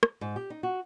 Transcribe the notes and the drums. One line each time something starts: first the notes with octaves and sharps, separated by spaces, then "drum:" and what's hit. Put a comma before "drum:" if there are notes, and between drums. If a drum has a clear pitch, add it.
drum: rim click
G#2
G4
D#4
F#4